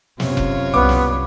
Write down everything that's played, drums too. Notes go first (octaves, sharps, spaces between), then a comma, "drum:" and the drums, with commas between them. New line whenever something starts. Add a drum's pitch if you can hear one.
F#2 C3 F4 C#5, drum: snare
drum: kick F1
C2 B3 D6
drum: snare